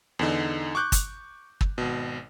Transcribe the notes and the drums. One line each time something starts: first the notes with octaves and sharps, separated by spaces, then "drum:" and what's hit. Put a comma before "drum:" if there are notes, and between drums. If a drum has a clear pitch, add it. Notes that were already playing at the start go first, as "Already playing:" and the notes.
E2 D3 D#4
C#6 D6 F#6 G6
drum: kick, hi-hat
drum: kick
G#1 B2